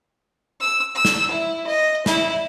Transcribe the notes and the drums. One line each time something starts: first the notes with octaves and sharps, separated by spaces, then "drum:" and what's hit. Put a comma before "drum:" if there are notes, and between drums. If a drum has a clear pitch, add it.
E6
E6
drum: snare
E4
D#5
E4, drum: snare